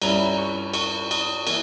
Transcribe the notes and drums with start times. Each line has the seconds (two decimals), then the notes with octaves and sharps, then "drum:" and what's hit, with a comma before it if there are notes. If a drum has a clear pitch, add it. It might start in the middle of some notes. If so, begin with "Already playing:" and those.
0.02 G2 G3 C#4 E4 A#5, drum: cymbal
0.14 B5
0.26 A#5
0.38 C#6
0.73 C#6, drum: cymbal
1.11 D#6, drum: cymbal
1.47 E3 A#3, drum: cymbal